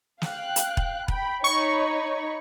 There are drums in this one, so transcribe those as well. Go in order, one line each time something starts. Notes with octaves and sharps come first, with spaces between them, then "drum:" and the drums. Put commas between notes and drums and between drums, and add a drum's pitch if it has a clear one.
F5 G5 F#6, drum: snare
drum: hi-hat
drum: kick E1
G5 B5, drum: kick E1
D#4 C#5 B5 C#6